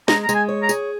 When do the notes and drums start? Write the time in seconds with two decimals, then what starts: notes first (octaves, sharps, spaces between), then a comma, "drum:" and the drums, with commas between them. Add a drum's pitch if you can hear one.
0.08 G#3 A#5, drum: snare
0.24 A#5
0.29 G#3, drum: tambourine
0.35 G#5
0.49 C#5
0.63 A#5
0.69 G#4, drum: tambourine